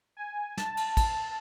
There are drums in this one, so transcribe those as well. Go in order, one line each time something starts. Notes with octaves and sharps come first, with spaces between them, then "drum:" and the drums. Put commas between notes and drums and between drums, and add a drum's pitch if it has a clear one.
G#5
A5, drum: snare
drum: cymbal
drum: kick, cymbal